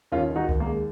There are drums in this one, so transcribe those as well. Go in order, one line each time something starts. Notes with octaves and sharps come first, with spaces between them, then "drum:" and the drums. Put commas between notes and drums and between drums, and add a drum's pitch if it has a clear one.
D#2 C#4 F4
D#3
D#4 F#4
D#2, drum: kick C#2
A#3
G#3